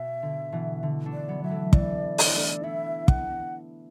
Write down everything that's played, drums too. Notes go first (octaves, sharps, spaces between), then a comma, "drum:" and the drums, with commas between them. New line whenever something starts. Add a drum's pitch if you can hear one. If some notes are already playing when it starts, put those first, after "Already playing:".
Already playing: B2 E5
D3
B2 E3
D3
A3 D4
D5
F#3 B3
F#3 E5
E3 A3
E3 A3 D5, drum: kick
D4, drum: open hi-hat
E4
A3 D4
B3 E4 E5
F#5, drum: kick